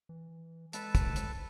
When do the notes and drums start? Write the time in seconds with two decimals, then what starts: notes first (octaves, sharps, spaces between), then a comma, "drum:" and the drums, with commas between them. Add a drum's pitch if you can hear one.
0.09 E3
0.73 G#3 A4 B4 A5, drum: hi-hat
0.95 drum: kick, hi-hat
1.16 drum: hi-hat